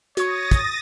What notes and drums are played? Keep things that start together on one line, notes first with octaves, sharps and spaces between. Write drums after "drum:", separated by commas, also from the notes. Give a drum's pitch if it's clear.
F#4 C#5 C#6 D#6 A6 A#6, drum: hi-hat
drum: kick, hi-hat